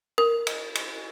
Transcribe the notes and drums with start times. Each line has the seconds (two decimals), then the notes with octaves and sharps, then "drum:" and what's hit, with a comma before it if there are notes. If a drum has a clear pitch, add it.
0.18 A#4
0.47 drum: cymbal
0.75 drum: cymbal